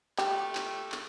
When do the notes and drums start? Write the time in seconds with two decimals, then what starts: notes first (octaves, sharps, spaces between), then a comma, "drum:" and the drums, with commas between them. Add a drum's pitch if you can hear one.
0.18 A#2 G3 A3 G4, drum: clap
0.55 drum: clap
0.92 drum: clap